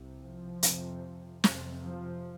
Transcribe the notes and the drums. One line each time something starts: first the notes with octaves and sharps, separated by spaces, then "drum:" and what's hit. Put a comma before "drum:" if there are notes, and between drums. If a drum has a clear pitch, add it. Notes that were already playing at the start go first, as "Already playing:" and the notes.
Already playing: C2 C3
F3
F2 C3, drum: hi-hat
F2 C3, drum: snare
F3